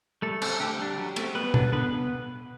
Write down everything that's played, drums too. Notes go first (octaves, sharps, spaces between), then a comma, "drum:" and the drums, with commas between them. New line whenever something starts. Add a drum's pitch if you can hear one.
G3 A3 A4
C4, drum: cymbal
D3 G4
G3 D4
F#3
A3 C4, drum: cymbal
G3 B3 B4
B3 D4, drum: tom
D3 B3 B4